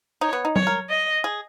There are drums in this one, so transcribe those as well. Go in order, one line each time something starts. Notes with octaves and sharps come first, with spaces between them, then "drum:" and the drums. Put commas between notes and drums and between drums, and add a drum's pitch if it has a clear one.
D#4 C#5
B3
D#4
C#5, drum: tom F#3
A#4
D#5
G#4